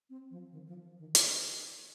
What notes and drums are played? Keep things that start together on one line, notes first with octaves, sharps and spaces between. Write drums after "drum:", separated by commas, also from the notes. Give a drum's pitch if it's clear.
C4
F3
D#3
F3
D#3
drum: hi-hat